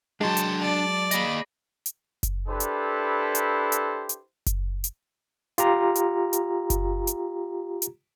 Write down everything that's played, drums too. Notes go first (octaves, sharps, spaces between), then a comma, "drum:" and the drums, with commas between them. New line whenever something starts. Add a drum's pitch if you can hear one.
F#3 G#3 D4 G5 A5 C6
drum: hi-hat
D5 A5
A#3 G#4 D#5 B5, drum: hi-hat
drum: hi-hat
drum: kick F#1, hi-hat
D4 E4 G4 A4 B4 C5
drum: hi-hat
drum: hi-hat
drum: hi-hat
drum: hi-hat
drum: kick F#1, hi-hat
drum: hi-hat
F4 G4 A#5, drum: hi-hat
drum: hi-hat
drum: hi-hat
drum: kick F#1, hi-hat
drum: hi-hat
drum: hi-hat